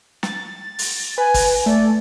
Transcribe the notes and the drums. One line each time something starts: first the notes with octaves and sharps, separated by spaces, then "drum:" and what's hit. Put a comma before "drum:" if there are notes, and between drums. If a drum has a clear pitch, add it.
A6, drum: snare
drum: open hi-hat
B4 G#5
drum: kick, open hi-hat
A3 D5